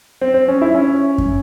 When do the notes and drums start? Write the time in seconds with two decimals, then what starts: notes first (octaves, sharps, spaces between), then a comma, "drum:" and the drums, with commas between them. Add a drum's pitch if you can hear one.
0.21 C4
0.34 C4
0.48 C#4
0.61 E4
0.75 C#4
1.18 drum: kick F#2